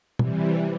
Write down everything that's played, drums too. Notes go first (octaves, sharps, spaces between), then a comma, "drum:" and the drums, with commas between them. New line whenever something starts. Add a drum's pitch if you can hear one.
C3 E3 G3, drum: tom B2